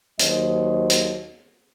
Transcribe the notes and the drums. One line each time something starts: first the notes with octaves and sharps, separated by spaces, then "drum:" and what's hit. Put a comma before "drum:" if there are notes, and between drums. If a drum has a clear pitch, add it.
D#2 F#3 C5 D#5, drum: hi-hat
drum: hi-hat